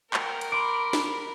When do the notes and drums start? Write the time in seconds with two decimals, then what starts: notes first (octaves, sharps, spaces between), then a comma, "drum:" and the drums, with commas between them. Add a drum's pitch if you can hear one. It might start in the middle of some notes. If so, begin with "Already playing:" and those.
0.13 A#4 F#5 G5, drum: clap
0.41 drum: cymbal
0.52 B5 C6 D6 D7
0.93 drum: snare